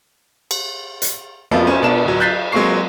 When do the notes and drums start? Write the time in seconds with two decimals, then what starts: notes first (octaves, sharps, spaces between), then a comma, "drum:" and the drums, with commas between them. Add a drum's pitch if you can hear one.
0.51 drum: cymbal
1.02 drum: hi-hat
1.51 F2 F3 A#3 B3, drum: cymbal
1.67 C#4 C5
1.82 B2 B3 D4 A#4 A5 E7
2.05 D1 F#3
2.20 F#6 G6 A6 B6 C7
2.52 F#3 G#3 A#3 C4 C#6 C7